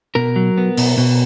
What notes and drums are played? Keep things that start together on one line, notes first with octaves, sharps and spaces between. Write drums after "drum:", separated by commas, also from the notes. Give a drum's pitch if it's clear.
B2 A#4
F#3
B3
B2, drum: open hi-hat
B2